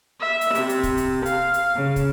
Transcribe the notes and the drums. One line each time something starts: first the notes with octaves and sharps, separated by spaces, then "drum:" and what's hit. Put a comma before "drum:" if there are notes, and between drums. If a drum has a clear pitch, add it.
E5
drum: hi-hat
C3, drum: hi-hat
drum: hi-hat
drum: kick, hi-hat
drum: hi-hat
F5, drum: hi-hat
drum: hi-hat
C#3
drum: kick, hi-hat